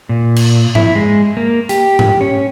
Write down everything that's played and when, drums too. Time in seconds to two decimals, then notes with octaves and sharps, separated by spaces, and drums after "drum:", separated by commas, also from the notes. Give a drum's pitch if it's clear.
0.09 A#2
0.36 drum: cymbal
0.75 E4, drum: tom G#2
0.95 G#3
1.37 A#3
1.69 G4, drum: hi-hat
1.99 drum: tom G#2
2.21 C#4